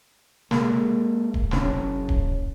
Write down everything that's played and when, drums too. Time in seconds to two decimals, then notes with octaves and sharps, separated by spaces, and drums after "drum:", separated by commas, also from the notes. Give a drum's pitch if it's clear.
0.51 G#3 A#3, drum: snare
1.34 drum: kick D1
1.51 F#1 C4 C#4, drum: snare
2.09 drum: kick D1